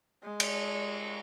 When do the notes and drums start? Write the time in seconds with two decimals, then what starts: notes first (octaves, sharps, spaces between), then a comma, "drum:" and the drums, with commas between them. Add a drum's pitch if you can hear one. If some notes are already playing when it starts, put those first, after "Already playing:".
0.24 G#3
0.40 drum: cymbal